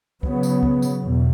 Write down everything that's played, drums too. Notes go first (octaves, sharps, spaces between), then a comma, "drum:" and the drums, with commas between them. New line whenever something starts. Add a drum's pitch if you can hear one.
C#3 F#3 B3, drum: kick
drum: tambourine
drum: kick
drum: tambourine
E2 B2